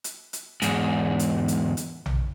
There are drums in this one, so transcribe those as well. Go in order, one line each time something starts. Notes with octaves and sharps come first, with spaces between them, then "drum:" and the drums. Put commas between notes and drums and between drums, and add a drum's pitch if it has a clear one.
drum: hi-hat
drum: hi-hat
E2 G#2, drum: hi-hat
drum: hi-hat
drum: hi-hat
drum: hi-hat
drum: tom A#1